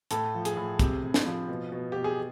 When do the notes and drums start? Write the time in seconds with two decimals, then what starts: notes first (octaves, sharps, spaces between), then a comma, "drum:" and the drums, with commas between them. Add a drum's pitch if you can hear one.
0.11 A2 A4, drum: hi-hat
0.34 F3
0.45 G#4, drum: hi-hat
0.57 A2
0.79 C3, drum: kick, hi-hat
1.03 C3
1.14 drum: snare
1.26 F3
1.49 B2
1.72 B2
1.92 B2 G4
2.04 G#4